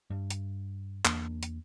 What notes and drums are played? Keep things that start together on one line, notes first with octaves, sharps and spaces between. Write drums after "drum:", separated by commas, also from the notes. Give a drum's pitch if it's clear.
G2
drum: hi-hat
E2 A#3 D4, drum: clap
drum: hi-hat